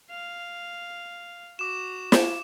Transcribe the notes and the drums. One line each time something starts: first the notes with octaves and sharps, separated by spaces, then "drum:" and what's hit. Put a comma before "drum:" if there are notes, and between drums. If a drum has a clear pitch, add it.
F5
F#4 D6 E7
drum: snare